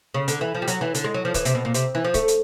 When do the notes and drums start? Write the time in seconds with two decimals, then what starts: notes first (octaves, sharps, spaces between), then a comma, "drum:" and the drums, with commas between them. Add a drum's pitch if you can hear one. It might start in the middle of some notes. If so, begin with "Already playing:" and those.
0.14 C#3
0.28 D3, drum: hi-hat
0.41 E3
0.55 F3
0.62 G3
0.68 F#3, drum: hi-hat
0.81 E3
0.95 D3, drum: hi-hat
1.04 G#3
1.14 F#3
1.25 F3
1.34 E3, drum: kick C#1, hi-hat
1.45 C3, drum: hi-hat
1.55 B2
1.65 A#2
1.74 C3, drum: hi-hat
1.95 E3
2.05 F3
2.14 A3, drum: kick C#1, hi-hat
2.28 drum: hi-hat